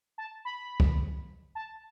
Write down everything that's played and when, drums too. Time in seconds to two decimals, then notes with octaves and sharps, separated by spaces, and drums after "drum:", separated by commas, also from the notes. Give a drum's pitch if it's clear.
0.18 A5
0.45 B5
0.80 drum: kick
1.55 A5